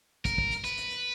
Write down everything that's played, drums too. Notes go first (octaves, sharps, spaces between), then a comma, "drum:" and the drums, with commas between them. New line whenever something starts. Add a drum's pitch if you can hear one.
A#4, drum: kick, hi-hat
drum: kick
drum: hi-hat
B4, drum: hi-hat
drum: hi-hat
drum: hi-hat